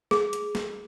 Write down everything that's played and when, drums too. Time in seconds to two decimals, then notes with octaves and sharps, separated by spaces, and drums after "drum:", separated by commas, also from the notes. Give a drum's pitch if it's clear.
0.11 G#4, drum: snare
0.33 drum: hi-hat
0.55 drum: snare